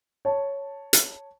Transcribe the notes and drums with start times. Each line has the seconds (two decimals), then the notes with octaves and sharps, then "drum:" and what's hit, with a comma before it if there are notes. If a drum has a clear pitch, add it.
0.25 C#5 A5
0.93 drum: hi-hat